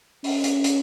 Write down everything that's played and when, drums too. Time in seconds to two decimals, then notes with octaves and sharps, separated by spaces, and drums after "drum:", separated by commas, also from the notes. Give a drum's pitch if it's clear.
0.24 C#4, drum: open hi-hat
0.44 drum: hi-hat
0.64 drum: hi-hat